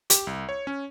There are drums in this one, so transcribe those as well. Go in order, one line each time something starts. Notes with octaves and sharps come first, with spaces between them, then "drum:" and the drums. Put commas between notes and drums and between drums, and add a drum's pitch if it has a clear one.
G4, drum: hi-hat
C2
C#5
C#4